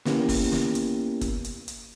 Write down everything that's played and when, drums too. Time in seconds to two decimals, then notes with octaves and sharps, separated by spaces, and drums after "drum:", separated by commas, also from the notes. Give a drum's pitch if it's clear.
0.05 A#3 B3 C#4 E4 G4 A#4, drum: snare
0.29 drum: kick, open hi-hat
0.52 drum: snare
0.75 drum: hi-hat
1.21 drum: kick, hi-hat
1.45 drum: hi-hat
1.68 drum: hi-hat